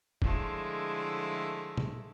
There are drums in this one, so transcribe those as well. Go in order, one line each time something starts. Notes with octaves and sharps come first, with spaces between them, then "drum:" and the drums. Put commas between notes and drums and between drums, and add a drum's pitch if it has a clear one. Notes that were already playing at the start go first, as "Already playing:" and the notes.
D3 F3 G#3 A3 E4, drum: kick
drum: tom